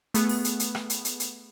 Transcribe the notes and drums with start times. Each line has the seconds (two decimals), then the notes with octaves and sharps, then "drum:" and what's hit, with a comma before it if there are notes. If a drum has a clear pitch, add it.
0.14 A3 B3 G#4, drum: hi-hat
0.29 drum: open hi-hat
0.44 drum: hi-hat
0.60 drum: hi-hat
0.75 drum: rim click
0.90 drum: hi-hat
1.05 drum: hi-hat
1.20 drum: hi-hat